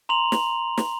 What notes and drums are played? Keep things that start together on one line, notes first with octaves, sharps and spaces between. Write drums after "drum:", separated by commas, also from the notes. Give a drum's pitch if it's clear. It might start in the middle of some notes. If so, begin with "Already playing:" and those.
A#5 C6 F7 F#7
drum: snare
drum: snare